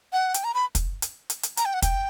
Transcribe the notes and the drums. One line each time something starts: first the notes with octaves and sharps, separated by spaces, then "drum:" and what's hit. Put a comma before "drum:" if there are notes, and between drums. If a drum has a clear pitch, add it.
F#5
G5, drum: hi-hat
A#5
B5
drum: kick, hi-hat
drum: hi-hat
drum: hi-hat
drum: hi-hat
A#5, drum: hi-hat
G5
F#5
G5, drum: kick, hi-hat